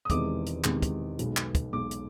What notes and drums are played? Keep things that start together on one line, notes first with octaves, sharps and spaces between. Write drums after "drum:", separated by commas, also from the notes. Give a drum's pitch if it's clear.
D#6
E1 E2 C3 D#3 G#3 D6, drum: kick, hi-hat
drum: hi-hat
E1 E2 C3 D#3 G#3, drum: clap
drum: kick, hi-hat
B1 B2 G#3, drum: hi-hat
drum: clap
drum: kick, hi-hat
B1 B2 G#3 D6
drum: hi-hat